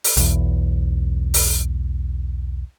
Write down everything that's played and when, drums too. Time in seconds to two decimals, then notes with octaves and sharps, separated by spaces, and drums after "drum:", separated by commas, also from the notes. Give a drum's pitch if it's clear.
0.04 drum: open hi-hat
0.17 B1 E2, drum: hi-hat
1.34 drum: open hi-hat